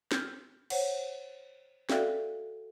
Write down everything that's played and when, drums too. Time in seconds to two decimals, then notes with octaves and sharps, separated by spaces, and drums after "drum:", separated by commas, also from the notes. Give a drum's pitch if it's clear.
0.12 F6 G6, drum: snare
0.70 C5 C#5 F#5, drum: cymbal
1.89 F#4 A4 D5 E5 F5 G5, drum: snare